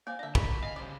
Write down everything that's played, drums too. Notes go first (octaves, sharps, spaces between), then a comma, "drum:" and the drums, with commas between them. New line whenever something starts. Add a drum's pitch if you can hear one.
A#3 C4 D5 F5 G#5
D3 D4 D5 E5 A#5
A3 A#3 D4 F#4 D5 B5 C#6, drum: kick
G#4 D#5 F5 G#5
C#3 G3 C5 D5